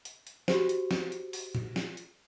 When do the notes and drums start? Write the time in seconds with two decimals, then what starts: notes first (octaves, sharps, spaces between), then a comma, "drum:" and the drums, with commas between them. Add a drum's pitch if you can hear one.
0.05 drum: hi-hat
0.27 drum: hi-hat
0.48 F#4 G4 C5, drum: snare
0.69 drum: hi-hat
0.91 drum: snare
1.12 drum: hi-hat
1.33 drum: open hi-hat
1.55 drum: tom
1.76 drum: snare
1.97 drum: hi-hat